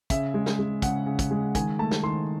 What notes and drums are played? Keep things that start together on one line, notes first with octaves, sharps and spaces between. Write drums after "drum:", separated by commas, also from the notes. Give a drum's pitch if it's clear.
C#3 E5, drum: kick, hi-hat
G#3
drum: snare
G#3
C#3 F#5, drum: kick, hi-hat
C#3
drum: kick, hi-hat
G#3
D#3 G#5, drum: kick, hi-hat
A3 A5
drum: snare
D#3 C6